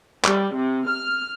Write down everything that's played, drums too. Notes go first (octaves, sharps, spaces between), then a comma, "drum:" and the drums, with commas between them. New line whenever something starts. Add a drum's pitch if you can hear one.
G3, drum: clap
C3
F6